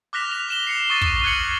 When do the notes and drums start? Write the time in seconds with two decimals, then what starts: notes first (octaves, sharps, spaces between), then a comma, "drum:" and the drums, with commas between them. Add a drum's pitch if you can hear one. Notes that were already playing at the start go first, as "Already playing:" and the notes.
0.13 D6 F6 F#6 A#6 B6 F7
0.31 F7
0.49 D6 E7 G7
0.67 C7 C#7 E7
0.90 C#6 D#6 A6 A#6 D#7
1.01 drum: kick
1.23 F6 F#6 G#6 C7 C#7 F#7